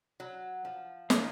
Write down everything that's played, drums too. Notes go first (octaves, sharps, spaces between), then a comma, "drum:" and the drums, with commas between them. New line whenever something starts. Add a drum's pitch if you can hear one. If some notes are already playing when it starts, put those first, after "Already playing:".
F#3
F3
D#3 A#3 C#4 F4, drum: snare